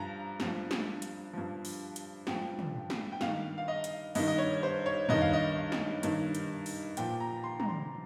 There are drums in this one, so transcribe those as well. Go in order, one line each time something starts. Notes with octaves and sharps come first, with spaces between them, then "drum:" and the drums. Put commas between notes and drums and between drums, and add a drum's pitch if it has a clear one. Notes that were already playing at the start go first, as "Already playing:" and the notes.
Already playing: G2 F3 A#5
G2 F3, drum: snare
drum: snare
drum: hi-hat
G2 F3
drum: open hi-hat
drum: hi-hat
G2 F3 G5, drum: snare
drum: tom
drum: snare
G5
G2 D#3 F5, drum: snare
F5
D#5
drum: hi-hat
G2 D#3 D#5, drum: open hi-hat
D#5
C#5
C5
C#5
G2 D#3 D#5, drum: tom
F5
D#5
drum: snare
G2 D#3, drum: hi-hat
drum: hi-hat
drum: open hi-hat
A#2 F3 G5, drum: hi-hat
A#5
C6
A#5, drum: tom
C6